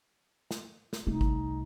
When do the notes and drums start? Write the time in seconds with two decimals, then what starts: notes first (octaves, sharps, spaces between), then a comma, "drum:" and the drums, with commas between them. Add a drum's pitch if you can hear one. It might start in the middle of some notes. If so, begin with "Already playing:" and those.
0.51 drum: snare
0.93 drum: snare
1.07 C2 A3 D#4
1.21 drum: kick G#1